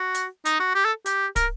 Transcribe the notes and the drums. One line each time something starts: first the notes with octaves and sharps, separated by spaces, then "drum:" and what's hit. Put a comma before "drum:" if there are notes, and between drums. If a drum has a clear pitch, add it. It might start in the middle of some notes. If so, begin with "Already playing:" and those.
Already playing: F#4
drum: hi-hat
D#4, drum: hi-hat
F#4
G4
A4
G4, drum: hi-hat
A#4, drum: kick, hi-hat